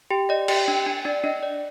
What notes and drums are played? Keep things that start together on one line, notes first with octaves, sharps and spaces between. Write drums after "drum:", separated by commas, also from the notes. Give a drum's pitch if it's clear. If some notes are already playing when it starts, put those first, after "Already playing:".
G4 G5
D5 D#5
G4 G5, drum: cymbal
D4 G5
D4 G#5
D4 D5
D4 D#5
D5